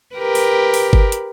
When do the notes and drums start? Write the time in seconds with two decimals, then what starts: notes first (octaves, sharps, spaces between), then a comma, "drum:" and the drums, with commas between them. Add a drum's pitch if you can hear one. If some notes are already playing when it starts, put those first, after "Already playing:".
0.16 G4 A#4 B4
0.35 drum: open hi-hat
0.74 drum: open hi-hat
0.93 drum: kick G1
1.12 drum: hi-hat